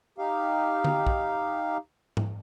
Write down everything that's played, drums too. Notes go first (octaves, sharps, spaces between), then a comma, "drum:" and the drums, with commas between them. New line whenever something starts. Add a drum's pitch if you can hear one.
D#4 G4 F5
drum: tom D3
drum: kick
drum: tom G#2